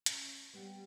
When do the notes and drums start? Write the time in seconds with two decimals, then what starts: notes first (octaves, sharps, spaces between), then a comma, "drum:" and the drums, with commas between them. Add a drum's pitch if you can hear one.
0.06 C#4, drum: hi-hat
0.53 G3 B3 C4